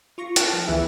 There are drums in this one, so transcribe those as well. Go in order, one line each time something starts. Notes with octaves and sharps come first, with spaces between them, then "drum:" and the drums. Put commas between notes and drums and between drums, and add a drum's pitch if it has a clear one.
F4 C#6 A#6
A5 F6 F#6, drum: hi-hat
F3
D2 E3 B3 E4 G#4 E5